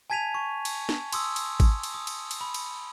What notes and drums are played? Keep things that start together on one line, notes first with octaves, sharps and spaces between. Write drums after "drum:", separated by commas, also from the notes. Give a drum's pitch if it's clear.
G#5 A5 G#6 B6 D#7 F7
C#6
drum: cymbal
drum: snare
C6 D#6 E6, drum: cymbal
drum: cymbal
drum: kick G#1, cymbal
drum: cymbal
D#6
drum: cymbal
drum: cymbal
B5
drum: cymbal